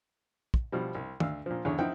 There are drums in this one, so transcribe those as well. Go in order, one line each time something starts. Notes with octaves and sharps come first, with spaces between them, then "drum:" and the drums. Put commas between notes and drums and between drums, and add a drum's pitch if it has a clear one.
drum: kick
B2 F3 G3
C2
D2 F5 E6, drum: tom
A#2 F3
E2 D3 G#4 C#5
F3 C4 D#4 E4 F#5 G5